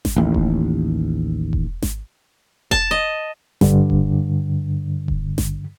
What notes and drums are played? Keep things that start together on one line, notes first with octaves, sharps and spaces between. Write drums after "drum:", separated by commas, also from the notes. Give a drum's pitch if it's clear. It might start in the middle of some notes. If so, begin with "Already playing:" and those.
drum: snare G#1
A1 D#2
drum: kick E1
drum: kick E1
drum: snare G#1
A5, drum: kick E1
D#5
G2 D3, drum: snare G#1
drum: kick E1
drum: kick E1
drum: snare G#1